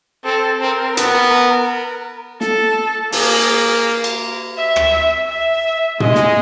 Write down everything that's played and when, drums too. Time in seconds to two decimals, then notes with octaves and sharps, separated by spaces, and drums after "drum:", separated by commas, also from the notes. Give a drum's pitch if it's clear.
0.24 C4 A4
0.61 C4 A#4
0.97 B3, drum: hi-hat
2.41 A4, drum: snare
3.12 A#3 G#4, drum: open hi-hat
4.04 drum: cymbal
4.57 E5
4.76 drum: rim click
5.29 E5
6.00 G#3 D#5, drum: tom
6.15 drum: snare